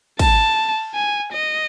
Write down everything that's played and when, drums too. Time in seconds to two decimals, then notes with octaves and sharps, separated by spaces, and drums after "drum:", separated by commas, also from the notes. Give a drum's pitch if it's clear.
0.19 A5, drum: kick, cymbal
0.94 G#5
1.32 D#5